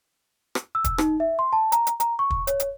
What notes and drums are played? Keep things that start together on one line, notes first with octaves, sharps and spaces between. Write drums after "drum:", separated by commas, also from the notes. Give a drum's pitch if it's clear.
drum: rim click
E6
drum: kick, hi-hat
D#4, drum: rim click
E5
C6
A5
A#5, drum: hi-hat
drum: hi-hat
A#5, drum: hi-hat
C#6
drum: kick
C#5, drum: hi-hat
drum: hi-hat